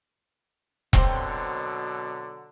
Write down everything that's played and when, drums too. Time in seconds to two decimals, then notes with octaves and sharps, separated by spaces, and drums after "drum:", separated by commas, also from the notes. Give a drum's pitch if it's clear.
0.93 B2 D3 F#3 C4 G4 C5, drum: kick E1